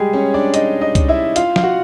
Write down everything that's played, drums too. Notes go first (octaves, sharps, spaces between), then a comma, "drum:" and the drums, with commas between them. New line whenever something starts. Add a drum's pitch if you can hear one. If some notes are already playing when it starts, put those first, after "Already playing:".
Already playing: G3 G#3 G4 G#4
C#4 C#5
D4 D5
D#4 D#5, drum: hi-hat
D#4 D#5
drum: kick C2, hi-hat
E4 E5
F4 F5, drum: hi-hat
F5, drum: snare
F#4 F#5